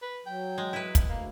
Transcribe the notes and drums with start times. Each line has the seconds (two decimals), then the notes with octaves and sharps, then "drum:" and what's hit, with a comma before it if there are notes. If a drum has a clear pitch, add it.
0.02 B4
0.26 F#3 G5
0.58 G#3
0.73 E4 B4
0.95 drum: kick, hi-hat
1.09 D2 A#3